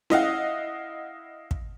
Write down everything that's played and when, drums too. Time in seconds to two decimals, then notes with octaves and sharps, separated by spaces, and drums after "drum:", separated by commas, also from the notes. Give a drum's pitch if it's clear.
0.10 E4 D#5 F5 F#5, drum: snare C#4
1.51 drum: kick